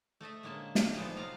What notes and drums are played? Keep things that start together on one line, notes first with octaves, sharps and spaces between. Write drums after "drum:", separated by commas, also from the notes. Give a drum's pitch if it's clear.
A3 A4 D#5 E5
D3 G#3 A#3 C#4 A5
G3 A3 D4 G4, drum: snare
F3 G#3 B3 D#4 A4
C3 F#3 F4 D5 F5 A#5